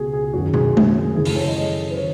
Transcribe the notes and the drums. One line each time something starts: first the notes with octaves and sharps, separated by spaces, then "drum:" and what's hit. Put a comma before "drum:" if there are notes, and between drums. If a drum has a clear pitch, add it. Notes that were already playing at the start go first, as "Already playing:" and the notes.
Already playing: C#2 B2 F#4 G#4
G#4
F#2 D#3 F#4
G#4, drum: tom B2
drum: tom G#3
F#2 C#3 E3 G#4
A4, drum: open hi-hat
C#5
D#5
D#5
B4
D#3 C#5